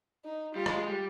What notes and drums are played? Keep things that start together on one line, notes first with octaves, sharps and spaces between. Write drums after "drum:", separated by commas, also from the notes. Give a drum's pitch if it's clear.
D#4
G3 F4
G#3, drum: rim click
G#3
G3